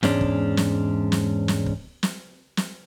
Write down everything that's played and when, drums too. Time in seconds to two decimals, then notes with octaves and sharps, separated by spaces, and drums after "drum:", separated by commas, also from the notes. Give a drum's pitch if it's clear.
0.03 E2 G#2 G#3 C#4 D4, drum: snare
0.21 drum: kick
0.57 drum: snare
1.12 drum: snare
1.48 drum: snare
1.66 drum: kick
2.03 drum: snare
2.57 drum: snare